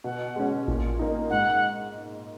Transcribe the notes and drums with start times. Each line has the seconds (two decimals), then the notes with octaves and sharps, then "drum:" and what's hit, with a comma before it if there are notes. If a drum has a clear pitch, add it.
0.04 B2 F#5
0.36 G#3 C#4
0.68 A#2, drum: kick A1
0.99 A#3 D#4
1.30 G#2 F#5